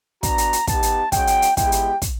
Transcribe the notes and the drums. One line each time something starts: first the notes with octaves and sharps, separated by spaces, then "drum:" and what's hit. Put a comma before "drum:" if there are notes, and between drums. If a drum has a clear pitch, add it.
B3 D4 F#4 A#5, drum: kick, hi-hat
drum: hi-hat
drum: hi-hat
B3 D#4 G4 A5, drum: kick, hi-hat
drum: hi-hat
G#3 C#4 F#4 G5, drum: kick, hi-hat
drum: hi-hat
drum: hi-hat
G#3 B3 E4 G4 G5, drum: kick, hi-hat
drum: hi-hat
drum: kick, hi-hat